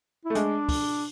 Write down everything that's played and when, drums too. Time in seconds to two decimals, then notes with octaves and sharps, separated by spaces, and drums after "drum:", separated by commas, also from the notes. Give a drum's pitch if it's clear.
0.25 E4
0.30 A3
0.35 G#3 D4, drum: hi-hat
0.69 drum: kick, open hi-hat